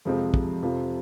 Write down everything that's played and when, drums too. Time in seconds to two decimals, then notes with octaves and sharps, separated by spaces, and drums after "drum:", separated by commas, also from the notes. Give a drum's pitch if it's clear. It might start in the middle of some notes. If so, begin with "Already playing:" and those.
0.05 F2 C3 F3 G#3 C4
0.34 drum: kick
0.63 F2 C3 F3